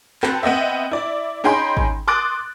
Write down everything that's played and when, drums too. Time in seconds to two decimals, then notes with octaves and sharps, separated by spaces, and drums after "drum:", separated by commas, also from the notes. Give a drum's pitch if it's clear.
0.23 C4 F#4 A4 B4, drum: clap
0.43 B3 C4 D#5 E5
0.92 E4 D5
1.44 C#4 D#4 G#4 G5 B5 C6
1.77 drum: kick G#1
2.08 C6 D6 D#6 F#6 A6 D7